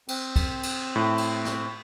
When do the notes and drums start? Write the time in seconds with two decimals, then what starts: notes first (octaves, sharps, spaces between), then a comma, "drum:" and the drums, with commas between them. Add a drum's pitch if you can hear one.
0.08 C4, drum: cymbal
0.36 drum: kick, cymbal
0.63 drum: cymbal
0.96 A2
1.18 drum: cymbal
1.45 drum: snare